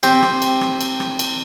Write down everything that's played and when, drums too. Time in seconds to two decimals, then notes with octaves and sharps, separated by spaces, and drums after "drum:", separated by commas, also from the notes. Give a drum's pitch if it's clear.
0.03 C4 G4, drum: cymbal
0.22 drum: rim click
0.42 drum: cymbal
0.61 drum: rim click
0.81 drum: cymbal
1.00 drum: rim click
1.19 drum: cymbal